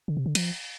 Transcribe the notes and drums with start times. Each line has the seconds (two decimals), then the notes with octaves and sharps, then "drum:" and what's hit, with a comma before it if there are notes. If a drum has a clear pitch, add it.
0.08 D3
0.17 C3
0.26 D3
0.35 F3, drum: cymbal